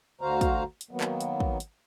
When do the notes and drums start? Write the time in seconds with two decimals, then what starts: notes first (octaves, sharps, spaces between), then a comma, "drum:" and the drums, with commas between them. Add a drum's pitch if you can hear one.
0.21 D2 D3 F#4 C5 F5 A#5
0.41 drum: kick, hi-hat
0.81 drum: hi-hat
0.91 D#3 F#3 A#3 B3
1.01 drum: clap
1.21 drum: hi-hat
1.40 drum: kick
1.60 drum: hi-hat